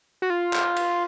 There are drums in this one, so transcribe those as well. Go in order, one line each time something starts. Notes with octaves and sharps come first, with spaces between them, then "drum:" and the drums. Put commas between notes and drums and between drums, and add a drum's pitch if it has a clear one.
F#4
F4
drum: clap
drum: cymbal